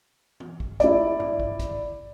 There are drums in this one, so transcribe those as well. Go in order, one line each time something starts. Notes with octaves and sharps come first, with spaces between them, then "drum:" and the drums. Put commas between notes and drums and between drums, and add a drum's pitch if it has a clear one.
drum: tom
drum: kick
E4 D5, drum: kick, hi-hat
drum: tom G2
drum: kick
drum: kick, hi-hat